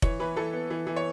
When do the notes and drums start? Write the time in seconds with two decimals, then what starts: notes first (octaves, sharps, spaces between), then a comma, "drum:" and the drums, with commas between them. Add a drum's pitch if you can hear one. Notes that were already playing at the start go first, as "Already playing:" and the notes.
0.02 E3 C#5, drum: kick F1
0.20 E3 B4
0.36 E3 A4
0.53 B3
0.70 E3
0.87 E3
0.96 C#5